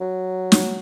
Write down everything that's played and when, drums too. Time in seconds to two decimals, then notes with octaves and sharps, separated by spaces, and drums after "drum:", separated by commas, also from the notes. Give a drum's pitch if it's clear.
0.01 F#3
0.52 drum: snare